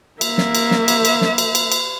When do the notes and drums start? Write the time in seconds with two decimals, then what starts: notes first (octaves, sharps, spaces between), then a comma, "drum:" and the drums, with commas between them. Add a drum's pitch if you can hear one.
0.21 A#3 E5, drum: cymbal
0.38 drum: snare
0.55 drum: cymbal
0.71 drum: snare
0.88 drum: cymbal
1.05 drum: cymbal
1.21 drum: snare
1.38 drum: cymbal
1.55 drum: cymbal
1.72 drum: cymbal